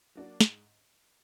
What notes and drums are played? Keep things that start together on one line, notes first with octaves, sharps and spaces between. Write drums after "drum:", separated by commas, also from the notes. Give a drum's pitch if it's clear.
F#3 A#3 D4 F#4
G#2, drum: snare